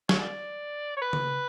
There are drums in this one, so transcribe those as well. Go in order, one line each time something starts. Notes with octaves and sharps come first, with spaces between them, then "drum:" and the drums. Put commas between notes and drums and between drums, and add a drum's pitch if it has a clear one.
C#5, drum: snare
D5
C#5
B4
drum: tom C#3